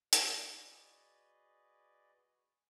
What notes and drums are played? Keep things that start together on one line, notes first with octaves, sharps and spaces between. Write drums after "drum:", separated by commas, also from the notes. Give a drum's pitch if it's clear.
F#4 G#4 B4 D5 D#5, drum: hi-hat